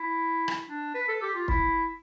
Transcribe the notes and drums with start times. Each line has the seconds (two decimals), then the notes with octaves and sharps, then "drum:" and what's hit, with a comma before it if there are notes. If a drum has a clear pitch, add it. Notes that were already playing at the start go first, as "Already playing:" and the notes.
Already playing: E4
0.48 drum: rim click
0.69 D4
0.95 B4
1.08 A4
1.22 G4
1.35 F4
1.48 E4, drum: kick